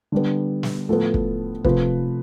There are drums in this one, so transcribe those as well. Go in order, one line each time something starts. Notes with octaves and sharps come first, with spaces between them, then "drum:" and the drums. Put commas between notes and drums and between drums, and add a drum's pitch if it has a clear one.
D3 G3 B3
drum: snare
A2 F3 B3 A4
drum: kick
C3 F3 A3 B4, drum: kick